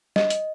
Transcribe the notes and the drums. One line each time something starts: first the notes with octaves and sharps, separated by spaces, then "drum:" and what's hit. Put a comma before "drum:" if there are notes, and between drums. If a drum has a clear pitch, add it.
D#5, drum: snare
drum: hi-hat